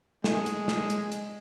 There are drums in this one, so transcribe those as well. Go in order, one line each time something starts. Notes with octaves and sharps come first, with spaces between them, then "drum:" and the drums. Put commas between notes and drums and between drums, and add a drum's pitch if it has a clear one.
G#3, drum: snare
drum: hi-hat
drum: snare
drum: hi-hat
drum: hi-hat